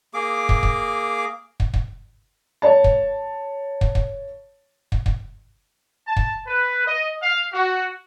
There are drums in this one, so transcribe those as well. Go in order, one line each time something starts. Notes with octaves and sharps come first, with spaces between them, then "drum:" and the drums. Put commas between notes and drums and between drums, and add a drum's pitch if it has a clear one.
A#3 G#4 D6
drum: kick
drum: kick
drum: kick
drum: kick
C#5 A5
drum: kick
drum: kick
drum: kick
drum: kick
drum: kick
A5
drum: kick
B4
D#5
F5
F#4